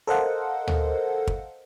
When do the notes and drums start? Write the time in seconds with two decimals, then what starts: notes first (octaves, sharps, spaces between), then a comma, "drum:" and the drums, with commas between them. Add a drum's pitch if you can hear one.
0.07 A4 A#4 C5 D#5 F5 F#5
0.67 drum: tom
1.27 drum: kick